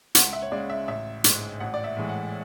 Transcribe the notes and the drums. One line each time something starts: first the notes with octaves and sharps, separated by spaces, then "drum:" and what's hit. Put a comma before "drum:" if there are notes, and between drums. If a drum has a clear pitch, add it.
C#2 F#5, drum: hi-hat
E5
C#5
C#3 G#3 D5
E5
A1 E5
G#2 G#3, drum: hi-hat
A1 F#5
D5
E5
A2 E3 G#3
F#5